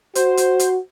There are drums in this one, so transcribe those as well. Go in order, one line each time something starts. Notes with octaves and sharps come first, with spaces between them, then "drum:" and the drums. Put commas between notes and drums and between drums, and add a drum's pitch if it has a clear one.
F#4 C5, drum: hi-hat
drum: hi-hat
drum: hi-hat